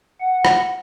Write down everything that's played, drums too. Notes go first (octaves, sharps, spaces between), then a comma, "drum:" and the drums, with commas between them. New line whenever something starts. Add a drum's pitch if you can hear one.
F#5
drum: rim click